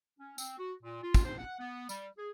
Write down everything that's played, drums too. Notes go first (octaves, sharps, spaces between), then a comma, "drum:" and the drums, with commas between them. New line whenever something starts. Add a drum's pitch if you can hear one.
C#4
C4, drum: tambourine
F#4
A#2
F4
drum: kick, tambourine
C5
F#5
B3
G3, drum: tambourine
G#4